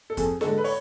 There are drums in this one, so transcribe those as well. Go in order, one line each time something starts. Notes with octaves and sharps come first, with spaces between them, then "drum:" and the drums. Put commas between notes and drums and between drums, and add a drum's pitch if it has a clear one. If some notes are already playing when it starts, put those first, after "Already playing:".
A4
F2 G#4, drum: kick, hi-hat
D3 G#3 A4, drum: snare
B4
C#5, drum: open hi-hat